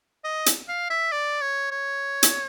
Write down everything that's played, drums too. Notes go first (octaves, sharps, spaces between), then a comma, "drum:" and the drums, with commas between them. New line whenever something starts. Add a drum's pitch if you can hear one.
D#5
drum: hi-hat
F5
E5
D5
C#5
C#5
drum: hi-hat